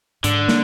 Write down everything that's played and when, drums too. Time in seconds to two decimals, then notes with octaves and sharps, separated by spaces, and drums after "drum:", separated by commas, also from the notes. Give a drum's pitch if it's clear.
0.24 G#2 D3, drum: hi-hat
0.48 A#3, drum: snare